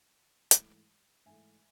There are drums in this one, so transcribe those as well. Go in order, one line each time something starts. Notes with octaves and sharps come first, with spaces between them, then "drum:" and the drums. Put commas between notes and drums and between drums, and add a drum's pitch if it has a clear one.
G#2 E3 A3, drum: hi-hat
G#2 E3 A3 E5 G#5